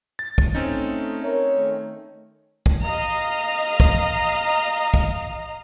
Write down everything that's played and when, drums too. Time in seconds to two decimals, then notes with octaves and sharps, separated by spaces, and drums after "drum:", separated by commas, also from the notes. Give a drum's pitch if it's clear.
0.19 A6
0.38 drum: kick
0.55 A3 C4 C#4 D#4
1.24 A#4 C#5
1.57 D#3 A3
2.66 drum: kick
2.82 D#5 F5 A#5
3.80 drum: kick
4.94 drum: kick